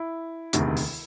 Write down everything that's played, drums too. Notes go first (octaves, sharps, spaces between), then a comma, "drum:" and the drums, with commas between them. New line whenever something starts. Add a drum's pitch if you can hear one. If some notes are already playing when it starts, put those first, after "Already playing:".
Already playing: E4
E1 D2 C3 D#3, drum: hi-hat
drum: open hi-hat